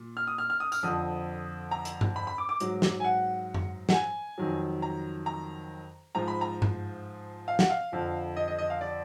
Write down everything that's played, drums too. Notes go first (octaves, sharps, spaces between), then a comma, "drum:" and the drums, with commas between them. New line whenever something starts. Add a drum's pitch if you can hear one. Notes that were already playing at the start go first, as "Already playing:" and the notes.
Already playing: A#2
F6
D#6
F6
F6
D#6
F6, drum: tambourine
F2 D3 F3 D#6
A#5
drum: hi-hat
drum: tom G2
B5
B5
D6
D6
G#2 F#3, drum: hi-hat
drum: snare
G#5
F#5
drum: tom F#2
F#5, drum: snare
G#5
F2 D#3 F#3
A#5
A#5
G#2 F3 A#5
B5
A#5
drum: tom G2
F5
F#5, drum: snare
F5
F2 D3 F3
D#5
D#5
D#5
F5
D5